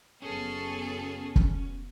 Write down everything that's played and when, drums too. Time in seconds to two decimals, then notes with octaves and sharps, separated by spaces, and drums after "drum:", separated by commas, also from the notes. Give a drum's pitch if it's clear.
0.22 F#1 F#2 B3 C#4 G#4 A4 A5
1.36 drum: kick